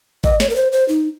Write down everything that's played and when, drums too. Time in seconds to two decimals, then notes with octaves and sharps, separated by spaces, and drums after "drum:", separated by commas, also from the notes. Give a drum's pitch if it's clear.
0.24 D#5, drum: kick G#1
0.40 C#5, drum: snare
0.50 A#4
0.56 C5
0.72 C5
0.89 D#4